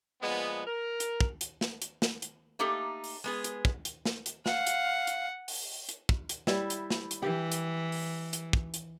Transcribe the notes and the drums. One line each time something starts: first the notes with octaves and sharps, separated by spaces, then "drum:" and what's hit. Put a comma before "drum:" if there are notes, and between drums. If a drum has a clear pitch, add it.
A#2 F3 G#3 B3
A#4
drum: hi-hat
drum: kick
drum: hi-hat
drum: snare
drum: hi-hat
drum: snare
drum: hi-hat
A3 A#3 D#4 G4 A4
drum: open hi-hat
G#3 B3 G#4
drum: hi-hat
drum: kick
drum: hi-hat
drum: snare
drum: hi-hat
F5 F#5, drum: snare
drum: hi-hat
drum: hi-hat
drum: open hi-hat
drum: hi-hat
drum: kick
drum: hi-hat
G3 E4, drum: snare
drum: hi-hat
drum: snare
drum: hi-hat
E3 G4
drum: hi-hat
drum: open hi-hat
drum: hi-hat
drum: kick
drum: hi-hat